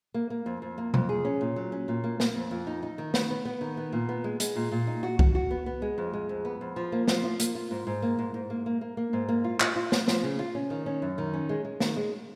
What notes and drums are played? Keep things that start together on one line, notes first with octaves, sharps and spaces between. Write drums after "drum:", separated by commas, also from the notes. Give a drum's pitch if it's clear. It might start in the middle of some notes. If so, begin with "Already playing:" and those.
A#3
A#3
F2
F2
A#3
F2, drum: tom B2
G#4
C#4
A#2
F#3
C#4
A#2
A#3
A#3, drum: snare
F2
F2
D#4
D#4
D#3
B3, drum: snare
B3
B3
D#3
B3
A#2
B3
G#3
G#3, drum: hi-hat
A#2
A#2
D#4
F#4
F#4, drum: kick C2
F#4
B3
B3
G#3
F2
G#3
F2
B3
F2
F3
A#3
F3, drum: snare
F4
A#3, drum: hi-hat
F4
G#2
G#2
A#3
G#2
G#2
A#3
A#3
A#3
A#3
G#2
A#3
F4
F4, drum: clap
F4
B3, drum: snare
F3, drum: snare
C#3
F4
C#4
D#3
C#4
F#2
D#3
C#4
G#3
G#3
D#3, drum: snare
G#3